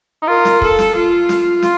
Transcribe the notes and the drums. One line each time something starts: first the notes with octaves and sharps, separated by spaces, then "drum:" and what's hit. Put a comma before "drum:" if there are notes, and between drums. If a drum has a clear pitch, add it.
D#4
F4 A#4
drum: snare
A4, drum: kick
drum: snare
F4
drum: snare
F4, drum: snare